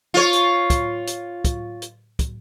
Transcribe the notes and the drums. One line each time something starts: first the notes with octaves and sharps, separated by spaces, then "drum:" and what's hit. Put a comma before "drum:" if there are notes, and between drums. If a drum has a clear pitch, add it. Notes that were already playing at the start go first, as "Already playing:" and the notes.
F4 C#5
drum: hi-hat
drum: kick, hi-hat
drum: hi-hat
drum: kick, hi-hat
drum: hi-hat
drum: kick, hi-hat